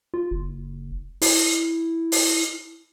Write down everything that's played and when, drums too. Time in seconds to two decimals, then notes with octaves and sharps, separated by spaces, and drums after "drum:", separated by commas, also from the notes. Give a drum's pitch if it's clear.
0.14 F4
0.31 F#1
1.22 E4, drum: open hi-hat
2.12 drum: open hi-hat